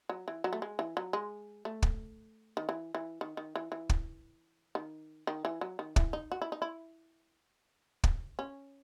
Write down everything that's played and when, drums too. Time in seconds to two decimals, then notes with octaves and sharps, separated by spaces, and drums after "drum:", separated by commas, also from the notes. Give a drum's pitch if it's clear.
0.09 F#3
0.28 E3
0.44 F#3
0.53 A3
0.62 G#3
0.79 E3
0.97 F#3
1.13 G#3
1.65 A3
1.82 drum: kick
2.57 D#3
2.69 E3
2.95 E3
3.21 D#3
3.37 D#3
3.56 E3
3.72 E3
3.90 drum: kick
4.75 D#3
5.27 D#3
5.45 E3
5.61 F#3
5.79 D#3
5.96 E3, drum: kick
6.13 D#4
6.32 F#4
6.42 E4
6.52 D#4
6.62 E4
8.04 drum: kick
8.39 C#4